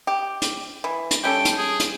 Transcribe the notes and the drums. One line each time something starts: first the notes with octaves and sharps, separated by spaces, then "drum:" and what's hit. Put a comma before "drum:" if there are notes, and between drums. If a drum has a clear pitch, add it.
G4
drum: hi-hat
E3
drum: hi-hat
G3 C#4 A4 G5
drum: hi-hat
G#4
drum: hi-hat